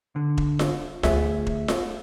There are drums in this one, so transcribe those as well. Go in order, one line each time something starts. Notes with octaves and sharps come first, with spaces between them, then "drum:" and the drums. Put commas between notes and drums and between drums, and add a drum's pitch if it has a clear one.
D3
drum: kick E1
drum: snare F4
D2 G#4 E5, drum: snare F4
drum: kick E1
drum: snare F4